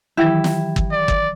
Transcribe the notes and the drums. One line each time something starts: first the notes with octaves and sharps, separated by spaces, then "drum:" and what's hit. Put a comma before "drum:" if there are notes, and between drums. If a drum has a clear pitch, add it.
D#3 E3 F#3 E4 G4
drum: snare
drum: kick
D5
drum: kick